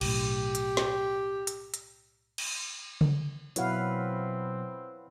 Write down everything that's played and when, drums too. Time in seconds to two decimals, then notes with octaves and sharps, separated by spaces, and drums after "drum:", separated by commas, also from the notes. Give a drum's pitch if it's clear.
0.01 B1 A2 G4, drum: cymbal
0.55 drum: hi-hat
0.77 drum: snare
1.47 drum: hi-hat
1.74 drum: hi-hat
2.38 drum: cymbal
3.01 drum: tom C#3
3.56 B2 F#3 C4 E4 B4 C#5 F5 F#5, drum: hi-hat